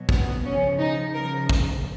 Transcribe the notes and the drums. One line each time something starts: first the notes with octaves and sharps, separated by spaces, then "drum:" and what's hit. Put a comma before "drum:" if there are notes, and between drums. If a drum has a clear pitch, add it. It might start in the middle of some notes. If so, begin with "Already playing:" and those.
Already playing: B2 F#3
B3, drum: kick
C#3 F3 C#4
D#4
C#3 F3 A#4
drum: kick